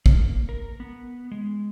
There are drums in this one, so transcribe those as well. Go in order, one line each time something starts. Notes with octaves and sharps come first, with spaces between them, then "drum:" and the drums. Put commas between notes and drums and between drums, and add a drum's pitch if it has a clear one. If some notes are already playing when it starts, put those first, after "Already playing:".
A#3, drum: kick
A#4
B3
G#3